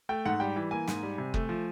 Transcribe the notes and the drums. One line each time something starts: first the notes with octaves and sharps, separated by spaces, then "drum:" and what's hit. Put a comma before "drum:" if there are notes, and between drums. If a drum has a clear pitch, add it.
A3 G5
G#2 F#5
G3 G5
E3
A#3 G#5
G#2, drum: snare
G3
C3
A3, drum: kick F#1
F3